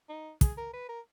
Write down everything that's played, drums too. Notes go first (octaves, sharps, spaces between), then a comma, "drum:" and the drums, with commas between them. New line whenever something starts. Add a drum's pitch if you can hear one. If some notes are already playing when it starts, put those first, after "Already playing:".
D#4
G#4, drum: kick, hi-hat
A#4
B4
A#4